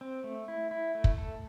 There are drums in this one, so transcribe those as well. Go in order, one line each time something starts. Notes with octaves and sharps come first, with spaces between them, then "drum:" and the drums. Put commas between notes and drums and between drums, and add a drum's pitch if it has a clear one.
C4
A3
E4
E4
A3
drum: kick
A4